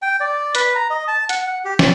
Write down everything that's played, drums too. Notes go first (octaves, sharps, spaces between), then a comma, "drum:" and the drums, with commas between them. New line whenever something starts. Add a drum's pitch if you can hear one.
G5
D5
B4, drum: hi-hat
A#5
D#5
A5
F#5, drum: hi-hat
F#5
G4
D5, drum: snare